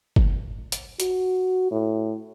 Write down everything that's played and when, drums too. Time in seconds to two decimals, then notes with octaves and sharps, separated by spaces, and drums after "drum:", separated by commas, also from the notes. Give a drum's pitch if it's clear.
0.16 drum: kick G1
0.72 drum: hi-hat
1.00 F#4, drum: hi-hat
1.71 A2